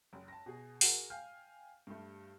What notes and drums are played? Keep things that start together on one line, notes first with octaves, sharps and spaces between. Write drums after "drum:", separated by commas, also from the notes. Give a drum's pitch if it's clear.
F#1
A5 A#6
B2 G#4
F#4 G#4 A#4, drum: open hi-hat
F5 G5 G#5 F6 G6
G2 G3 A3